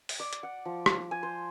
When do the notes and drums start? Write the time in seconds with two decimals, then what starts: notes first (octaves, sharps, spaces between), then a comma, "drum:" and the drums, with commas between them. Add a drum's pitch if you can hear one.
0.09 drum: open hi-hat
0.20 D5
0.33 drum: hi-hat
0.43 F#5
0.65 F3
0.86 drum: rim click
1.11 G#5
1.23 C5